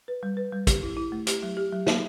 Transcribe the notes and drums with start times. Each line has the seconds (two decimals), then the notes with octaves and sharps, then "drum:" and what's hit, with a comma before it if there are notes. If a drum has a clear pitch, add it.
0.08 B4
0.23 G3
0.37 B4
0.52 G3
0.67 G4, drum: kick, hi-hat
0.83 E4
0.97 E4
1.12 A3
1.27 G4, drum: hi-hat
1.43 F#3
1.57 G4
1.73 F#3
1.87 F#3, drum: snare